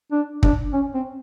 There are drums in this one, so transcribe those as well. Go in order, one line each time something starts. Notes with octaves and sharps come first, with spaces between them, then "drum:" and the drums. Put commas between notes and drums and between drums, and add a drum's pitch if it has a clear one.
D4
D4, drum: kick
C#4
C4